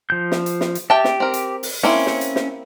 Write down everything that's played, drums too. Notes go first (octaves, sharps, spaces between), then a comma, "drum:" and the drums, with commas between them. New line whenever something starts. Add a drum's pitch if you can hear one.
F3 G6
drum: snare
drum: hi-hat
drum: snare
drum: hi-hat
G4 E5 G5 A5
drum: snare
C4 A#4
drum: hi-hat
drum: open hi-hat
A#3 C4 C#4 E4
drum: snare
drum: hi-hat
drum: snare